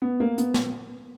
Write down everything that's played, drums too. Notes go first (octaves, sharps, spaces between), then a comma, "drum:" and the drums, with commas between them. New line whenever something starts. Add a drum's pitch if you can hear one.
B3
A#3
B3, drum: hi-hat
drum: snare